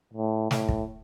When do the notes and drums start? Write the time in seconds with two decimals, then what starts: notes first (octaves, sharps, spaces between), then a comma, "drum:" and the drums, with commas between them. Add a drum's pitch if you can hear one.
0.14 A2
0.51 A2, drum: snare
0.69 drum: kick